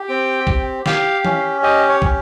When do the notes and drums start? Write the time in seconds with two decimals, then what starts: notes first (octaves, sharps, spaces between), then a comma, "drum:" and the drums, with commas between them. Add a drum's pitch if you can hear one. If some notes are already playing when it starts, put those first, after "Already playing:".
Already playing: G4
0.08 C4 G5
0.47 G4, drum: kick
0.86 G4 F5, drum: snare
1.25 C#4, drum: tom E3
1.63 G4 D#5
1.89 C#5
2.02 C#4, drum: kick